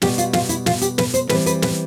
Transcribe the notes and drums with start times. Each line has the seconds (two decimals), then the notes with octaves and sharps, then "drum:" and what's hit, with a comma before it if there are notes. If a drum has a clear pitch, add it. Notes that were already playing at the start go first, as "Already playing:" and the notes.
0.02 B2 G3 B3 G4, drum: snare
0.18 F4, drum: hi-hat
0.33 F4, drum: snare
0.49 E4, drum: hi-hat
0.66 F4, drum: snare
0.81 G4, drum: hi-hat
0.98 B4, drum: snare
1.14 C5, drum: hi-hat
1.29 E3 G3 C4 B4, drum: snare
1.46 B4, drum: hi-hat
1.62 B4, drum: snare